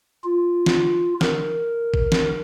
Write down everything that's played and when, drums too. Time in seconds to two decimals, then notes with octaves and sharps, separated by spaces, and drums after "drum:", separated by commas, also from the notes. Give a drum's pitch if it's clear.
0.24 F4
0.66 drum: snare
1.21 A#4, drum: snare
1.94 drum: kick G#1
2.12 drum: snare